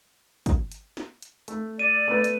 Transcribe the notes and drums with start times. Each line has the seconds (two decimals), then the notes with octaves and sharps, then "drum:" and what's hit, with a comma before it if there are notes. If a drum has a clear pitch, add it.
0.46 drum: kick, hi-hat
0.72 drum: hi-hat
0.97 drum: snare
1.22 drum: hi-hat
1.48 A3, drum: hi-hat
1.79 D5 D#7
2.08 A3 B3 B4
2.24 drum: hi-hat